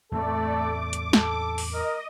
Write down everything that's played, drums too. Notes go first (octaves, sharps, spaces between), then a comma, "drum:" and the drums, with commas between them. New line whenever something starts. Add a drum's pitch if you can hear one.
E2 A2 A3 C4 A4 D5
D6
drum: hi-hat
A4, drum: snare
drum: open hi-hat
A#4 D#5